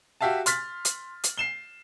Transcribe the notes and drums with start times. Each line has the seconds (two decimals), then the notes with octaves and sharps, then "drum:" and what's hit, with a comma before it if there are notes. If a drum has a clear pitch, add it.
0.21 F#4 G4 E5 F5 A5
0.46 C6 F6 A6 B6, drum: hi-hat
0.85 drum: hi-hat
1.24 drum: hi-hat
1.38 C7 E7 G7